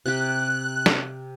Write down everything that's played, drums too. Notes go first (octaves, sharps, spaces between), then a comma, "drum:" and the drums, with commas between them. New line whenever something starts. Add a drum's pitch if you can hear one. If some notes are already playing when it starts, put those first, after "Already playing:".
C3 G4 F#6
drum: snare